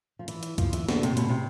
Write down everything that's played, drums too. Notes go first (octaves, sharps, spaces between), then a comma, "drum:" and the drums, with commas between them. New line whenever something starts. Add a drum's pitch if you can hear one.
F3
E3, drum: hi-hat
drum: hi-hat
F3, drum: kick, hi-hat
E3, drum: hi-hat
D3, drum: snare
C3, drum: hi-hat
B2, drum: hi-hat
C3